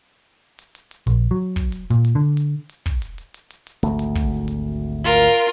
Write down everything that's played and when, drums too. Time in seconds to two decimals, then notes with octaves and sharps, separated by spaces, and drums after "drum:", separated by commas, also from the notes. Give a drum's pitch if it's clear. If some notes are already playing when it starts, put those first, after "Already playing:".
0.59 drum: hi-hat
0.75 drum: hi-hat
0.91 drum: hi-hat
1.07 A#1, drum: hi-hat
1.31 F#3
1.56 drum: kick, open hi-hat
1.72 drum: hi-hat
1.90 A#2, drum: hi-hat
2.05 drum: hi-hat
2.15 D3
2.37 drum: hi-hat
2.69 drum: hi-hat
2.86 drum: kick, open hi-hat
3.02 drum: hi-hat
3.18 drum: hi-hat
3.34 drum: hi-hat
3.51 drum: hi-hat
3.67 drum: hi-hat
3.83 G#1 D2 A3, drum: hi-hat
3.99 drum: hi-hat
4.15 drum: kick, open hi-hat
4.48 drum: hi-hat
5.03 F4 A#4
5.13 drum: hi-hat
5.29 drum: hi-hat